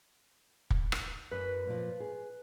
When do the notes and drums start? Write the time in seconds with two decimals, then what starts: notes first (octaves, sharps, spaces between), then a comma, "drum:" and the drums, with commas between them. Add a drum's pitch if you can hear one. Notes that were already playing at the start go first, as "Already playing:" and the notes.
0.70 drum: kick
0.92 drum: rim click
1.31 F#2 B4
1.67 A#2 F3
2.00 G#4